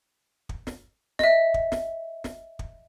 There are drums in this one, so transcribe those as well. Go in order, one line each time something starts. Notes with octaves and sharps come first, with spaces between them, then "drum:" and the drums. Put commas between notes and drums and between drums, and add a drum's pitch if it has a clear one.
drum: kick
drum: snare
D#5 E5, drum: snare
drum: kick
drum: snare
drum: snare
drum: kick